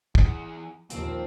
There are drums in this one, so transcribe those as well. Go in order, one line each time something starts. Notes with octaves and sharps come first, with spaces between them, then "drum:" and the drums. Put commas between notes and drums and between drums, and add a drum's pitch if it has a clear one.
E3 G#4, drum: kick
A#1 D#2 F3 A#3 C4, drum: hi-hat